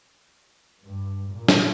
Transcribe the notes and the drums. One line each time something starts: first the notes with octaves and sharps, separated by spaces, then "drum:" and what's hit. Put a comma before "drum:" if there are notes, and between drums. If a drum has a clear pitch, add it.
G2
A#2
drum: snare